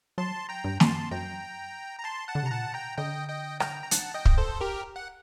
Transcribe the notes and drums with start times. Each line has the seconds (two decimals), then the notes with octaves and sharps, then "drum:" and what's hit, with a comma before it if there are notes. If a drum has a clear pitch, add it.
0.18 F#3 A5 C6
0.49 G5 A#5
0.64 G2
0.80 A5 C6, drum: snare
1.11 F#2 G5 A#5
1.99 A#5
2.04 A5 C6
2.28 F#5 A5
2.35 D3
2.43 C3 A#5
2.51 A#2 F#5 A5
2.74 G5 A#5
2.98 D3 D#5 G5
3.29 D#5 G5
3.60 G5 A#5, drum: rim click
3.83 A#5
3.91 F#5 A5, drum: hi-hat
4.14 D#5 G5
4.25 drum: kick
4.38 A4 C5
4.61 G4 A#4
4.96 F#5